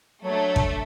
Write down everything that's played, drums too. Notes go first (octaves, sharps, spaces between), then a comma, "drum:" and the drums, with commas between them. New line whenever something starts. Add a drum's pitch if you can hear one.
F#3 A3 D4
drum: kick